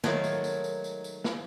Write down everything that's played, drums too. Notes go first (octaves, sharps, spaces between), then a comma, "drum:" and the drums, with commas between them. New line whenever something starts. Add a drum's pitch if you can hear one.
D#3 F#3 G#3 A3 D#4, drum: snare
drum: tambourine
drum: tambourine
drum: tambourine
drum: tambourine
drum: tambourine
drum: snare